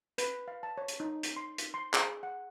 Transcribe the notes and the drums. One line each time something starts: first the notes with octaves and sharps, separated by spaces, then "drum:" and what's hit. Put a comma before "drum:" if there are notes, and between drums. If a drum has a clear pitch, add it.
B4, drum: hi-hat
F5
A5
C#5
drum: hi-hat
D#4
drum: hi-hat
C6
drum: hi-hat
C6
G#4, drum: clap
F#5